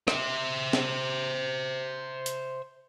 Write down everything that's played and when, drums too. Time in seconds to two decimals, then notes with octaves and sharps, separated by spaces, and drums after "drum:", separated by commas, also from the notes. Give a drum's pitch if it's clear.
0.08 C5 E5, drum: rim click
0.73 drum: snare
2.26 drum: hi-hat